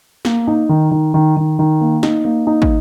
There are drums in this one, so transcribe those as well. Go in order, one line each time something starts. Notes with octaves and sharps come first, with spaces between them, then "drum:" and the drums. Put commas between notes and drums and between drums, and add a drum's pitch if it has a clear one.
A#3, drum: snare
D#4
D#3
D#3
D#3
D#3
D#3
A#3
D#4, drum: snare
A#3
D#4
drum: kick